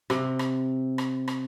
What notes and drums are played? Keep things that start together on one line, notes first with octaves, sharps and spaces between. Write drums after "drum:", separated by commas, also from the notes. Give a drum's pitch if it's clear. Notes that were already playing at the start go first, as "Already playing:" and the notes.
C3, drum: rim click
drum: rim click
drum: rim click
drum: rim click